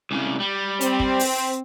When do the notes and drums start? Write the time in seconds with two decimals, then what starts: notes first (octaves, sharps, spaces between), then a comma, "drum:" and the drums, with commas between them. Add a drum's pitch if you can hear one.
0.11 C2 C#3
0.40 G3
0.81 C4, drum: hi-hat
1.00 drum: kick
1.19 drum: open hi-hat